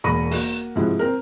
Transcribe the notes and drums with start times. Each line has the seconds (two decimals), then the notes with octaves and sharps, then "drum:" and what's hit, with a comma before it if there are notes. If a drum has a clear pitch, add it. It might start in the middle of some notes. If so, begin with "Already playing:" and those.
0.04 E1 A#3 B5 C#6 A#6 D#7
0.31 A#3 F#4, drum: open hi-hat
0.76 G#2 C3 F3 E4 F#4
0.99 C4 A#4